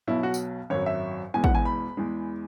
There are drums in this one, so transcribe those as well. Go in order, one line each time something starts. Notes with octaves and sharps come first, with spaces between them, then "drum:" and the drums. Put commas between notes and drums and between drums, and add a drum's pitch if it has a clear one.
B1 B2 F#3 E4
F#4
drum: tambourine
G#1 F#2 F#3 C#5
E5
E1 E2 E3 G#3 G#5
F#5, drum: kick
G#5
B5
E2 E3 G#3